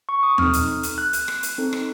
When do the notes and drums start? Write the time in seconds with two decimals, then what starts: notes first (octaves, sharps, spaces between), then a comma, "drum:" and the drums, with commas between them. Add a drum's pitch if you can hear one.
0.09 C#6
0.23 D#6
0.38 C4 D#4 A4 F6, drum: tom D#2
0.53 drum: hi-hat
0.83 drum: hi-hat
0.98 F#6
1.13 drum: hi-hat
1.28 drum: rim click
1.43 drum: hi-hat
1.58 C4 D#4 A4
1.73 drum: rim click